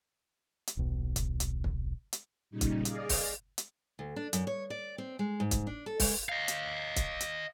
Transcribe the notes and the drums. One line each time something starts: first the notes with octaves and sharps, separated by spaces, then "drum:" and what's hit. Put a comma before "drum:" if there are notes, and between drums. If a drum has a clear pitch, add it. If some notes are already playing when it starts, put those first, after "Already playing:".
drum: hi-hat
D#1 B1
drum: kick, hi-hat
drum: hi-hat
drum: kick
drum: hi-hat
A#2 C#3 G3 D#4
drum: kick, hi-hat
G#4 D5 D#5 F5, drum: hi-hat
drum: kick, open hi-hat
drum: hi-hat
D2
D4
F#2, drum: hi-hat
C#5
D5
C4
G#3
G#2
drum: kick, hi-hat
D4
A4
G#3, drum: kick, open hi-hat
D#5 F5
drum: hi-hat
drum: kick, hi-hat
drum: hi-hat